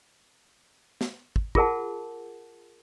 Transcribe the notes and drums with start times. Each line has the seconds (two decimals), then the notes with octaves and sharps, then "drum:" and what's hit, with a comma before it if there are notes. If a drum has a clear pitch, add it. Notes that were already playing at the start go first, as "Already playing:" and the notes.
1.01 drum: snare
1.36 drum: kick
1.55 F4 G#4 A#4 F#5 A5, drum: kick